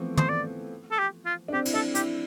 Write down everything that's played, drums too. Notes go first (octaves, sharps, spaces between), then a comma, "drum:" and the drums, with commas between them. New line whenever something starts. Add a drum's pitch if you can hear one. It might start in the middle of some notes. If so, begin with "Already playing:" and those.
Already playing: E3 F3 A3 B3 C4
C5, drum: tom
D5
A4
G4
F4
D4
C4 G4
E4, drum: cymbal
D4 A4
E4 G4, drum: hi-hat